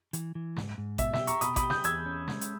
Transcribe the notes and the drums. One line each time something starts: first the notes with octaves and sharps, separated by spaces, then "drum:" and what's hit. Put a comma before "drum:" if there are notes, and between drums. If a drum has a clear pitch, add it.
E3, drum: hi-hat
E3
G#2, drum: snare
G#2
B2 E5, drum: kick A1, hi-hat
E5, drum: snare
G4
A#5 C#6, drum: hi-hat
B2 B5 D#6, drum: hi-hat
B5 D#6, drum: kick A1, hi-hat
G4
D#6 G6, drum: snare
E2 E6 G#6, drum: hi-hat
C#4
G#3, drum: snare
drum: hi-hat